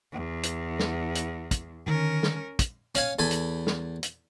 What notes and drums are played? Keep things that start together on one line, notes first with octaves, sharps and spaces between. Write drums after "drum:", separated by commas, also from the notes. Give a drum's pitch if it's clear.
E2
drum: hi-hat
drum: snare
drum: hi-hat
drum: kick, hi-hat
D3 D#3 C#4 A#4
drum: snare
drum: kick, hi-hat
C#4 F5 G#5, drum: hi-hat
E2 A4 G#5 B5
drum: hi-hat
drum: snare
drum: hi-hat